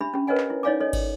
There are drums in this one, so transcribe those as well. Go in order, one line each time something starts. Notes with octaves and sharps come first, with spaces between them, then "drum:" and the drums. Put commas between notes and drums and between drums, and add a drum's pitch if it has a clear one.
D4 G4 E5 B5
C#4 G4
A#4 B4 C#5 D#5 F#5 G#5
drum: clap
E4
D#4 C#5 D5 F5 G#5 D6
A4 C#5 D#5
drum: kick G#1, cymbal